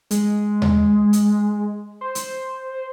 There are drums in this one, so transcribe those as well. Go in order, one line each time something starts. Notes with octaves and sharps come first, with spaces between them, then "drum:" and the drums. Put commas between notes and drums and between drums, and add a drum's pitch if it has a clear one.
G#3, drum: hi-hat
drum: tom D#2
drum: hi-hat
C5
drum: hi-hat